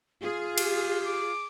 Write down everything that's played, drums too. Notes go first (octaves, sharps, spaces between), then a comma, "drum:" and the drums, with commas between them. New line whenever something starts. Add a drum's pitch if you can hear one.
F4 G#4
G4, drum: cymbal
D6